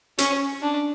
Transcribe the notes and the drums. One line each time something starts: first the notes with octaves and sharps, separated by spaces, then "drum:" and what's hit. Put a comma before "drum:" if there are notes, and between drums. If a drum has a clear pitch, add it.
C#4, drum: hi-hat
D4